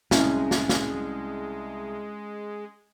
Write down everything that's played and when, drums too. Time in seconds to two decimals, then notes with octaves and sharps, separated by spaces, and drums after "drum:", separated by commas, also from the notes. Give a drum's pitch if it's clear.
0.11 C2 G#3 C#4, drum: snare
0.51 drum: snare
0.69 drum: snare